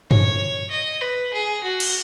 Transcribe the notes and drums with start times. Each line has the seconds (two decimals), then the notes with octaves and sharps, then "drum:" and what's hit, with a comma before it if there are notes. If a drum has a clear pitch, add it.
0.11 C#5, drum: tom G2
0.71 D#5
1.02 B4
1.33 G#4
1.64 F#4
1.80 drum: cymbal